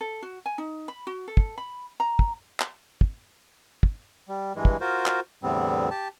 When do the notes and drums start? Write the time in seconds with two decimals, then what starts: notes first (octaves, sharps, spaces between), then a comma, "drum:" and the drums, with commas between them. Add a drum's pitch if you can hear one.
0.01 A4
0.22 F#4
0.46 G#5
0.58 D#4
0.88 B5
1.07 F#4
1.28 A4
1.37 drum: kick
1.58 B5
2.00 A#5
2.19 drum: kick
2.60 drum: clap
3.01 drum: kick
3.83 drum: kick
4.29 G3
4.56 G2 E3 G#3
4.65 drum: kick
4.81 F4 F#4 A#4 C5
5.06 drum: clap
5.43 E2 A2 D3 G3 B3 C4
5.91 G4 A5